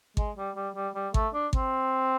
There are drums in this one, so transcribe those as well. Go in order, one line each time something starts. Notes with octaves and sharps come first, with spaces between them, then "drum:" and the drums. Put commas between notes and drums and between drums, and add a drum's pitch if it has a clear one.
G#3, drum: kick G#1
G3
G3
G3
G3
A3, drum: kick G#1
D4
C4, drum: kick G#1